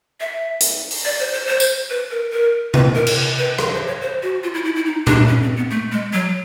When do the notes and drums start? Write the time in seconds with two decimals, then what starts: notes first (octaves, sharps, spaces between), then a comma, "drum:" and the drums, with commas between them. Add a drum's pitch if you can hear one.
0.20 E5
0.60 drum: hi-hat
0.91 drum: open hi-hat
1.05 D5
1.20 C5
1.33 C5
1.47 C5
1.60 drum: tambourine
1.90 B4
2.11 A#4
2.32 A#4
2.74 B4, drum: tom C3
2.95 A#4
3.07 drum: cymbal
3.38 B4
3.58 A#4, drum: rim click
3.73 C5
3.87 C#5
4.01 C5
4.23 F#4
4.43 F4
4.54 E4
4.65 E4
4.76 E4
4.86 D#4
5.07 D4, drum: tom A#2
5.28 C#4
5.43 C4
5.56 B3
5.71 A3
5.92 G#3
6.13 F#3